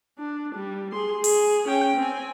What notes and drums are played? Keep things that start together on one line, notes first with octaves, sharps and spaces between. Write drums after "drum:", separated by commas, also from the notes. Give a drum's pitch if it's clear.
D4
G3
G#4 C6
G#4, drum: open hi-hat
C#4 G5
C4 G#5